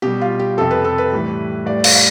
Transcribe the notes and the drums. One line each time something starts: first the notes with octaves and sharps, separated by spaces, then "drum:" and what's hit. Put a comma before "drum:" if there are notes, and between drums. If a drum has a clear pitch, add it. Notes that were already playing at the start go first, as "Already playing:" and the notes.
B2 G3 G4
F4
G4
F2 C3 F3 A4
B4
A4
B4
A2 E3 G3
A2 G3 D5
F5, drum: cymbal
F5